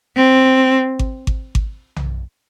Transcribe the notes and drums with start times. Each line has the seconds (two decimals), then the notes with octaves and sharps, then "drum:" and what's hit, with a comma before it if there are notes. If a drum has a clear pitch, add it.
0.16 C4
0.99 drum: kick G#1
1.27 drum: kick G#1
1.55 drum: kick G#1
1.96 drum: tom B1